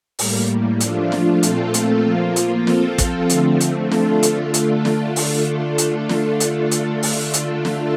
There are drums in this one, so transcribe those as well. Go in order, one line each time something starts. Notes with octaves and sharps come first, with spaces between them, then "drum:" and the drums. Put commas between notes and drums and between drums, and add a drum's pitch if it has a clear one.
A2 G3 A#3, drum: open hi-hat
F3 A3 D4 F4, drum: hi-hat
drum: snare
A#2 A3 C4 F4 A4, drum: hi-hat
drum: hi-hat
F3 A#3 F4
drum: hi-hat
F3 C4 F4 A4, drum: snare
drum: kick, hi-hat
D3 F3 A3 C4, drum: hi-hat
drum: hi-hat
D3 A3 D4 F4 A4, drum: snare
drum: hi-hat
drum: hi-hat
drum: snare
drum: open hi-hat
drum: hi-hat
drum: snare
drum: hi-hat
drum: hi-hat
drum: open hi-hat
drum: hi-hat
drum: snare